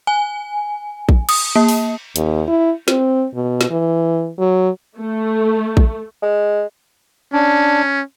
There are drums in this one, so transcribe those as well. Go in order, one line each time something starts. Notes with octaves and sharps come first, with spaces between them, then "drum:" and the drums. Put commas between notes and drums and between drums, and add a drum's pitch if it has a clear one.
G#5
drum: kick A#1
D#6, drum: cymbal
A#3
drum: open hi-hat
D#2, drum: hi-hat
E4
C4, drum: snare
B2
drum: snare
E3
F#3
A3
drum: kick A#1
G#3
C#4 D4